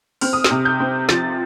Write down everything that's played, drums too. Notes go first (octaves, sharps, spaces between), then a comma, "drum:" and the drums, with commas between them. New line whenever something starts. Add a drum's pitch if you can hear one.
C4 F6, drum: open hi-hat
D#6
F6, drum: snare
C3
G6
C4
F3 A6, drum: snare